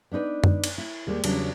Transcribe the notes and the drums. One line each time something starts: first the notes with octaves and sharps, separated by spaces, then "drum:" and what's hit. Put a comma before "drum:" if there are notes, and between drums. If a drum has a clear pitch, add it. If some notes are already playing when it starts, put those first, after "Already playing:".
B3 D4 D#4 B4
drum: tom F#2
drum: cymbal
E4
D#2 G3 G#3
E2 C#3 F#3 G3 C#4 D4, drum: cymbal